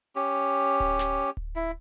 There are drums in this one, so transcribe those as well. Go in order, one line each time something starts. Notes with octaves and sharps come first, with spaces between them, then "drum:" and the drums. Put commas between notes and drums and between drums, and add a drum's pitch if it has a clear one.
C#4 G4
drum: kick D1
drum: snare
drum: kick D1
E4